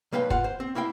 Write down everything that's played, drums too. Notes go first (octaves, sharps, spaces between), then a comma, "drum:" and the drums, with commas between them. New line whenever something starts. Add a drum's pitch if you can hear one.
B1 A#3 B4 F5 G5
F4 F#5, drum: kick
C5
C4
A#3 E4 F5 G5